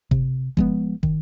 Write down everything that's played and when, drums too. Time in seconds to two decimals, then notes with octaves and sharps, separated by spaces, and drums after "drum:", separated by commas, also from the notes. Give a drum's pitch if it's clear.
0.11 C3, drum: kick
0.57 F3 G#3 B3, drum: kick
1.03 D#3, drum: kick